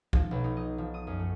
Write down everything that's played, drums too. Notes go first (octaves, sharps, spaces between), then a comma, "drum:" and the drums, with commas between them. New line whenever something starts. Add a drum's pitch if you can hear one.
F3, drum: kick
B1
D#4
D#5
F3
D#6
F#2
A3